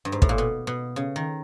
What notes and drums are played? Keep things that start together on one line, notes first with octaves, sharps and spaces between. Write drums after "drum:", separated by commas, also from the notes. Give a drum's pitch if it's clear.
G2
G#2
A2, drum: kick
A#2
B2
B2
C#3
D#3